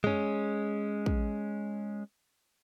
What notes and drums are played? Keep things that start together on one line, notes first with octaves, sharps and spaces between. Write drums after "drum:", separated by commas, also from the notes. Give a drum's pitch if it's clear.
G#3 C#4, drum: tom
drum: kick